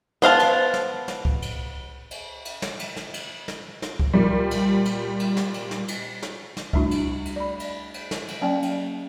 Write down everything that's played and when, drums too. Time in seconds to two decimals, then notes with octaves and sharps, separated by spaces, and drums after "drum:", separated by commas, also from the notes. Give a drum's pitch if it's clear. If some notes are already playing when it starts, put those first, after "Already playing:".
0.22 B3 C5 F5 A5, drum: snare
0.39 drum: cymbal
0.74 drum: snare
1.08 drum: snare
1.25 drum: kick C2
1.42 drum: cymbal
2.11 drum: cymbal
2.45 drum: cymbal
2.62 drum: snare
2.79 drum: cymbal
2.97 drum: snare
3.14 drum: cymbal
3.48 drum: snare
3.82 drum: snare
3.99 drum: kick C2
4.13 A#2 G3
4.51 drum: cymbal
4.85 drum: cymbal
5.20 drum: cymbal
5.37 drum: snare
5.54 drum: cymbal
5.71 drum: snare
5.88 drum: cymbal
6.22 drum: snare
6.57 drum: snare
6.73 G3 A3 D4 E4 F#4, drum: kick C2
6.91 drum: cymbal
7.25 drum: cymbal
7.36 D5 B5
7.60 drum: cymbal
7.94 drum: cymbal
8.11 drum: snare
8.28 drum: cymbal
8.41 F#3 A#3 C#4 D5 G5
8.63 drum: cymbal